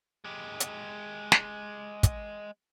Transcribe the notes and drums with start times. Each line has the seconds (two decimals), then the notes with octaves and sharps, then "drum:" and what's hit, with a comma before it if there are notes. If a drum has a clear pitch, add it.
0.24 G#3 G4
0.60 drum: hi-hat
1.32 drum: snare
2.03 drum: kick, hi-hat